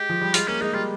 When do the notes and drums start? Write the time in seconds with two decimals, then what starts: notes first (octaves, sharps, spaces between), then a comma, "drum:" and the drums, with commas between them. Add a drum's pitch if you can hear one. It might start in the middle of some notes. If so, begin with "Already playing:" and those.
Already playing: G#3 G4
0.09 F3
0.21 G3
0.34 G#3 F4, drum: hi-hat
0.47 A#3 C#4
0.61 G#3 D#4
0.73 G3 F4